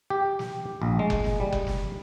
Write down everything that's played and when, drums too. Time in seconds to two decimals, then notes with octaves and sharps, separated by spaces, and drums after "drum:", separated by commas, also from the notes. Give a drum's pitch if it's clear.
0.10 G4
0.39 drum: snare
0.82 A#1
0.99 G#3
1.10 drum: kick F#1
1.24 drum: snare
1.40 G3
1.52 drum: kick F#1
1.67 drum: snare